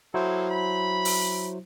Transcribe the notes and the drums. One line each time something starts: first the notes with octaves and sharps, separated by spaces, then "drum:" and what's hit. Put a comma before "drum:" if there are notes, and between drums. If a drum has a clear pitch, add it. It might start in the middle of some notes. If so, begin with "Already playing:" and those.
F#3 A#3 E4 G#4 A4 C5
B5
drum: open hi-hat